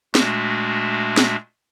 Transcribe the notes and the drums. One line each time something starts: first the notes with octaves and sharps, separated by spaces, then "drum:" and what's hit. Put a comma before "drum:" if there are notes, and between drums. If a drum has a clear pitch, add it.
A#2 G#3 A3 D4 F#4, drum: snare
drum: snare